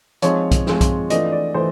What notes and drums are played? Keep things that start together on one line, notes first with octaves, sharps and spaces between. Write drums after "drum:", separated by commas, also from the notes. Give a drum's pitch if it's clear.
F3 G#3 C4 D#4 C#5, drum: hi-hat
drum: kick B1, hi-hat
F3 G#3 C4 D#4, drum: snare
drum: kick B1, hi-hat
E3 A3 D4 F4 D#5, drum: hi-hat
D5
E3 A3 C5